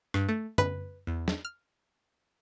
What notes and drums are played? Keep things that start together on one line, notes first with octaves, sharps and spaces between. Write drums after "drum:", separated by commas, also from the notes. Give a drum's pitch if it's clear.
G2, drum: rim click
A3
B4, drum: tom F#2
E2
drum: snare
F6